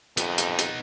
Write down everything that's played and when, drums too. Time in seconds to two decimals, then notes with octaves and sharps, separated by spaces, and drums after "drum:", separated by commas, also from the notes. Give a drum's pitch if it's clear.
0.17 F2 B3 D#4, drum: hi-hat
0.38 drum: hi-hat
0.59 drum: hi-hat